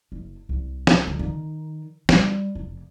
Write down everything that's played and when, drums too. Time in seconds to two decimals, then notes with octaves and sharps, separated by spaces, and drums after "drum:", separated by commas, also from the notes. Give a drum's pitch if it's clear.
0.12 F#1
0.49 C2
0.87 drum: snare
1.07 D2
1.19 D#3
2.09 G3, drum: snare
2.55 F1